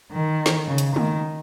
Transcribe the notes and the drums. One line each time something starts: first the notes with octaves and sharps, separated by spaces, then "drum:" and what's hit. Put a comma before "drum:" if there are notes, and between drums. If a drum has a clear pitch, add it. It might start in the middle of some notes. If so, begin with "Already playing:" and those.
D#3
drum: snare
C#3
drum: hi-hat
D#3, drum: tom G#3